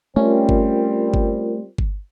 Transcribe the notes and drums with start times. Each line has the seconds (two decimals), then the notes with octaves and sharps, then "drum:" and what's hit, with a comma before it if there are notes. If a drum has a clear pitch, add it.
0.16 G3 A3 C4 C#4 F4 A#4
0.49 drum: kick G1
1.14 drum: kick G1
1.78 drum: kick G1